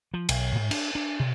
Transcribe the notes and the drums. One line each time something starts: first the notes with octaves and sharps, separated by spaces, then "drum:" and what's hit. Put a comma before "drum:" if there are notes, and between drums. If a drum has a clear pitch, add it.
F3
B1, drum: cymbal
G#2
D4, drum: cymbal
D4
B2